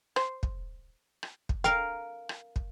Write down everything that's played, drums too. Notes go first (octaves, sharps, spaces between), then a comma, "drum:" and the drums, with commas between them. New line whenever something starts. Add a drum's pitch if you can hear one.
C5, drum: rim click
drum: kick
drum: rim click
drum: kick
A#4 F5 G5
drum: rim click
drum: kick